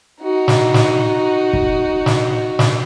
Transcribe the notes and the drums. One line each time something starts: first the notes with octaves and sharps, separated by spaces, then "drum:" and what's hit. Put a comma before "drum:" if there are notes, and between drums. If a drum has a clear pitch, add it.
D#4 F#4
drum: snare
drum: snare
drum: kick
drum: snare
drum: snare